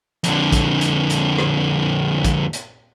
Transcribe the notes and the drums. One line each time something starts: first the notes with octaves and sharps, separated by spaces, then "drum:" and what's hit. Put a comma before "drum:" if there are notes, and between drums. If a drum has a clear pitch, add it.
F2 D3, drum: hi-hat
drum: kick, hi-hat
drum: hi-hat
drum: hi-hat
drum: rim click
drum: kick, hi-hat
drum: hi-hat